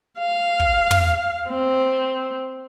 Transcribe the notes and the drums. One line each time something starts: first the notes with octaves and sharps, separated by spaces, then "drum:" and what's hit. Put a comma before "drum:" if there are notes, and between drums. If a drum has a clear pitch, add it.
F5
drum: kick
drum: tom
C4